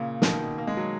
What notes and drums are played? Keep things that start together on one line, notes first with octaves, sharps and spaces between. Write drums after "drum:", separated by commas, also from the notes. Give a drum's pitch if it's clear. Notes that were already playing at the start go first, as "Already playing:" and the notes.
Already playing: A#2 C#3
B2 D#3, drum: snare
A#3
G#3
F#3